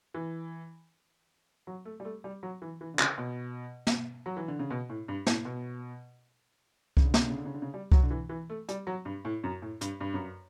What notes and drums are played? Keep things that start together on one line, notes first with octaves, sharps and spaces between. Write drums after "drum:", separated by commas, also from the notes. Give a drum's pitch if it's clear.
E3
F#3
A3
G3
A3
G3
F#3
E3
E3
D3
C#3, drum: clap
B2
drum: snare
F#3
E3
D3
C#3
B2
A2
G2
A2, drum: snare
B2
C#3, drum: kick C2
D3
C#3, drum: snare
D3
C#3
D3
C#3
D3
C#3
G3
F#3, drum: kick C2
D3
E3
E3
A3
G3, drum: hi-hat
F#3
G2
A2
F#2
A2
G2, drum: hi-hat
G2
F#2